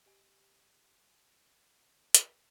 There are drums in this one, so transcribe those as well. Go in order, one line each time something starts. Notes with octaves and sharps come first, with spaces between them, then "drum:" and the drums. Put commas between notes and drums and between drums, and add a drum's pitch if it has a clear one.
G4 D#5 G#5
drum: hi-hat